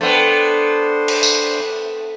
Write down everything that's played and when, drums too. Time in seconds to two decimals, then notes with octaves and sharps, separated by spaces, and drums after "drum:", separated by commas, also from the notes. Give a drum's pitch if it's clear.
0.01 A3 B3 D4 A4 C5 G5
1.08 drum: cymbal
1.23 drum: tambourine